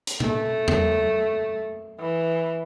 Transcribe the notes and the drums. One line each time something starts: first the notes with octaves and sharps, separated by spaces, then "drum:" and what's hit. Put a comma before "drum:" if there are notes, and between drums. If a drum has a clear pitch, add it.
drum: hi-hat
A3, drum: tom B2
drum: tom
E3